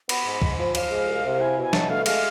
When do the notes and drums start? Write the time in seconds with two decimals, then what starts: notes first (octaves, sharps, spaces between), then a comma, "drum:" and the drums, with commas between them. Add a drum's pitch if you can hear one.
0.09 B3 B5, drum: cymbal
0.25 G#2
0.42 G#2, drum: kick C2
0.58 F3
0.75 F3 F5, drum: cymbal
0.91 G#3
1.07 C2
1.24 C3
1.32 F5
1.40 E4 G#5
1.57 B2
1.62 G#5
1.73 B2 A5, drum: snare
1.89 A3 F5
2.06 G#3 F5, drum: cymbal